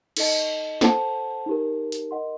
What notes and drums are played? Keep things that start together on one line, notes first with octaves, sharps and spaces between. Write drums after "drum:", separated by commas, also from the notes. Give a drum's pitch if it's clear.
D#4 A4 D#5 A5, drum: cymbal
A4 C5 F#5 A5, drum: snare
D#4 G4 A#4
drum: hi-hat
A#4 D#5 F#5 C6